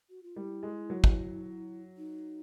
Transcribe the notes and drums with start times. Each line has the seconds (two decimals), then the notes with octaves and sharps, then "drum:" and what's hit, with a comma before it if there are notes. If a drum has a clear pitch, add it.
0.10 F#4
0.23 F4
0.36 G3 E4
0.63 G#3
0.90 F#3
1.04 drum: kick
1.97 D#4